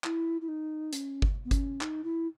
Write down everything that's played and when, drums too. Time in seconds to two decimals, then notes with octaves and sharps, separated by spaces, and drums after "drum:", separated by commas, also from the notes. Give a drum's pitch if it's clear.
0.04 E4, drum: clap
0.41 E4
0.48 D#4
0.93 C#4, drum: hi-hat
1.22 drum: kick G1
1.45 B3
1.51 C#4, drum: kick G1, hi-hat
1.81 D#4, drum: clap
2.04 E4